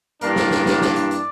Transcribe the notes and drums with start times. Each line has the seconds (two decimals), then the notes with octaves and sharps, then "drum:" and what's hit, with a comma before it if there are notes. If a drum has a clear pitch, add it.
0.21 G2 E3 A#3 D4 A#4, drum: hi-hat
0.36 drum: snare
0.51 drum: snare
0.66 drum: snare
0.81 D5, drum: snare
0.96 drum: hi-hat
1.11 drum: hi-hat